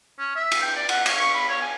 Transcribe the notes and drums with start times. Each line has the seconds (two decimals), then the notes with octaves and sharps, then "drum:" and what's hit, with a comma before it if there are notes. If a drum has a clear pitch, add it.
0.19 C#4
0.36 E5
0.52 drum: cymbal
0.61 G5
0.76 D5
0.89 F#5, drum: cymbal
1.06 C#5, drum: cymbal
1.19 C#6
1.34 B5
1.49 C#5
1.62 G#5